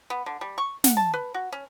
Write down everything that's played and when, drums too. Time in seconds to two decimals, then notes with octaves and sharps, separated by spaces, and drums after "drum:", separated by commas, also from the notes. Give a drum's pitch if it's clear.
0.10 B3
0.26 D3
0.41 G3
0.58 C#6
0.84 F#5, drum: snare
0.97 A5
1.14 B4
1.34 F#4
1.52 C#4